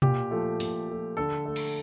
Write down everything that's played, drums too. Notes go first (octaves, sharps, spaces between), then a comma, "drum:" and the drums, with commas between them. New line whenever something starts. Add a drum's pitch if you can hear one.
A#2 G4, drum: tom B2
F3 A3
A#2, drum: open hi-hat
F3 A3
D3 A4
A3
drum: cymbal